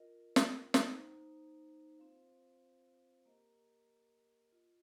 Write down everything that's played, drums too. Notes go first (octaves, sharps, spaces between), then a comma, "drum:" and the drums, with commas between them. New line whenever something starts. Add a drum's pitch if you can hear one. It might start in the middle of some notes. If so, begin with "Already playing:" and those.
Already playing: F4 A#4 D#5
drum: snare
A#3 D#4 C5, drum: snare
C4 F4 C5 F5
A#3 G4 A#4 D#5
F4 D#5